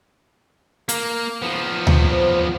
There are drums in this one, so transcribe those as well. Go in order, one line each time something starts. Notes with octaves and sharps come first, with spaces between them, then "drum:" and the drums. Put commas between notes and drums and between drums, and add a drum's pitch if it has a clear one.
A#3, drum: hi-hat
F3 B3
drum: tom D2
C5